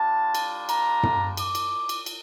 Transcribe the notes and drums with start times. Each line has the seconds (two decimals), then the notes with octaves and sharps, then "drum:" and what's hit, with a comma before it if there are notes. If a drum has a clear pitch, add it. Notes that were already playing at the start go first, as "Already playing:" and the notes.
Already playing: G3 D4 F4 A5
0.35 drum: cymbal
0.69 A#5, drum: cymbal
1.03 drum: tom
1.37 D6, drum: cymbal
1.55 drum: cymbal
1.89 drum: cymbal
2.06 drum: cymbal